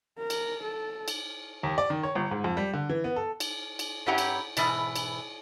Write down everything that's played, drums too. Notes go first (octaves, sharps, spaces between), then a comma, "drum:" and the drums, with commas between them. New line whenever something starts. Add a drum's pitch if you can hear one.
A#4
drum: cymbal
A4
drum: cymbal
D#2
D5
D#3
C#5
G1
G#2
F2
G3
D3
E3
B3
A4
drum: cymbal
drum: cymbal
G2 C#4 E4 G4 F#5 A#5
drum: cymbal
G#2 B2 E3, drum: cymbal
drum: cymbal